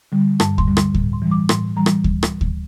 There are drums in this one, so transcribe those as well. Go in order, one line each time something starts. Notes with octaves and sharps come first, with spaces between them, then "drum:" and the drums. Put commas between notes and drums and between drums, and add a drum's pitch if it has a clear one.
D3 G3
G2 A5, drum: rim click
C6, drum: kick D2
D3 G3
C6, drum: rim click
A2, drum: kick D2
C6
E3 G3
D6
A2 C6, drum: rim click
E3 G3 A#5
drum: rim click
drum: kick D2
drum: rim click
drum: kick D2